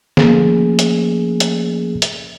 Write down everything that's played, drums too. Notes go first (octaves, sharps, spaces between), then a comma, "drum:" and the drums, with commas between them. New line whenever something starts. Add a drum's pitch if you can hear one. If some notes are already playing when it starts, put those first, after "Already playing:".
F3 A3 A#3 C#4 G#4, drum: snare
drum: hi-hat
drum: hi-hat
drum: hi-hat